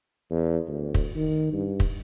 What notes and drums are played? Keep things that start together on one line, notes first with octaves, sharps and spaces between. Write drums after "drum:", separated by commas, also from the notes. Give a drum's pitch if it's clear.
E2
D2
drum: kick
D#3
G2
drum: kick